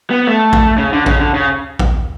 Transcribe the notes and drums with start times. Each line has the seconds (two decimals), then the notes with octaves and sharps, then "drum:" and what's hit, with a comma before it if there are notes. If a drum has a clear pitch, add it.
0.11 B3
0.27 A3
0.53 drum: kick A#1
0.78 C#3
0.93 D3
1.06 C#3, drum: kick A#1
1.20 D3
1.34 C#3
1.79 drum: kick A#1